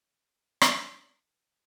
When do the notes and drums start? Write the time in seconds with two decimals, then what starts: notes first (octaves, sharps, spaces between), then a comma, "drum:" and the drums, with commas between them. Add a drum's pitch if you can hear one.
0.04 C#5 B5
0.61 drum: rim click